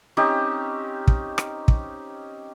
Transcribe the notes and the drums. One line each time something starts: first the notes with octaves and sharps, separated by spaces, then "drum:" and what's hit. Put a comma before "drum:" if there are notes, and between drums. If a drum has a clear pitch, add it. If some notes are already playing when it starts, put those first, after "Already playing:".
C4 C#4 D#4 G4
drum: kick
drum: rim click
drum: kick